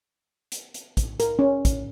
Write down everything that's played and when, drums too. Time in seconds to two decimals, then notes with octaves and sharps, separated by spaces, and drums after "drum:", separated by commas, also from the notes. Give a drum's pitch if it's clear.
0.52 drum: hi-hat
0.74 drum: hi-hat
0.97 drum: kick, hi-hat
1.20 A#4, drum: hi-hat
1.39 C#4
1.65 drum: kick, hi-hat